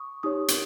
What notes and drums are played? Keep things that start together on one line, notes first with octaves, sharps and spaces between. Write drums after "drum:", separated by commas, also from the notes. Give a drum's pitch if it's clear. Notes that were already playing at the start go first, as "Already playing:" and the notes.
Already playing: C#6 D#6
D#4 G4 C#5 D#6
drum: hi-hat